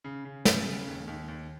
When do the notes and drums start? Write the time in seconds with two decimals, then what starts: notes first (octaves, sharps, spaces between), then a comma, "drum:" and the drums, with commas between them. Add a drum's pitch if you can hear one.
0.04 C#3
0.25 C#3
0.45 C#3, drum: snare
0.66 C#3
0.87 D#2
1.08 D#2
1.28 D#2